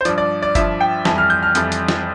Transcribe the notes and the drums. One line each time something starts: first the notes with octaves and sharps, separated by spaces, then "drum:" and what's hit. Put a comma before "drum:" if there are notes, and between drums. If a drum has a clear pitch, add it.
C5
G2 F3 D5, drum: hi-hat
D5
D5
G2 F3 E5, drum: kick F#1, hi-hat
G5
F2 E3 G3 A5, drum: snare
F6
G6
F6
F2 E3 G3, drum: hi-hat
drum: hi-hat
drum: snare